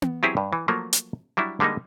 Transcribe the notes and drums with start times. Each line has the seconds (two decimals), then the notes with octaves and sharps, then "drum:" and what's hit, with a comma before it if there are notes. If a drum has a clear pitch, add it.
0.02 drum: tom B3
0.23 F#3 B3 C4 E4 G4 G#4
0.37 G2
0.53 E3
0.68 F3 F#3 A3 A#3
0.93 drum: hi-hat
1.37 F#3 G3 D4 E4
1.60 D3 G3 G#3 A#3 D#4